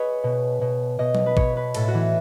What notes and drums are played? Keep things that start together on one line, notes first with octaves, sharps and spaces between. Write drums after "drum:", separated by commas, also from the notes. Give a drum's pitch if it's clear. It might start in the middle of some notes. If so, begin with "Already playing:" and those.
Already playing: G#4 B4 C#5 D#5
B2
B2
B2 D#5
drum: tom F#3
B4
B2 C#5, drum: kick
B4
A2 A4, drum: cymbal
F#4
E3